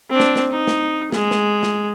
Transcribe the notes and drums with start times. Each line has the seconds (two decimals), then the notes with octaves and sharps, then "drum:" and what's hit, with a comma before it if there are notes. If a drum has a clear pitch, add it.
0.10 C4 D4
0.20 drum: snare
0.36 drum: snare
0.52 D#4
0.67 drum: snare
1.12 G#3, drum: snare
1.31 drum: snare
1.63 drum: snare